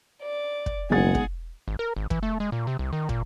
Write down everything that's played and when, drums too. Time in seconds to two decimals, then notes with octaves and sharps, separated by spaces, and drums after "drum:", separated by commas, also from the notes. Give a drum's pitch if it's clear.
0.21 D5
0.66 drum: kick
0.90 F#1 B1 G#3 D#4 G#4 F#5 A6
1.15 drum: kick
1.68 G#1
1.79 A#4
1.96 G#1
2.10 E3, drum: kick
2.23 A3
2.40 G#3
2.52 A#2
2.67 C3
2.79 C2
2.93 D#3
3.09 A#2, drum: kick